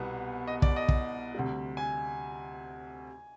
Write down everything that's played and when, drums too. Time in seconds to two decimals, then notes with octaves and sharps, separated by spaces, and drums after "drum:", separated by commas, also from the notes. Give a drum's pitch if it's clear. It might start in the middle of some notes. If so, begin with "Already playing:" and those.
Already playing: C2 B2 G3 B3 B4
0.47 D#5
0.62 D5, drum: kick
0.76 D#5
0.89 drum: kick
1.34 D2 C3 G3
1.77 G#5